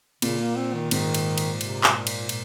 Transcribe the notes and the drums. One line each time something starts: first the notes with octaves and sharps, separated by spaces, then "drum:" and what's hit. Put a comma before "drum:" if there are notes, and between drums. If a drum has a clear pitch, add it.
A#2 C#3, drum: cymbal
A#3
C4
D#3
G#2 D#3, drum: cymbal
drum: cymbal
drum: cymbal
C3, drum: cymbal
drum: clap
A#2
drum: cymbal
A#2, drum: cymbal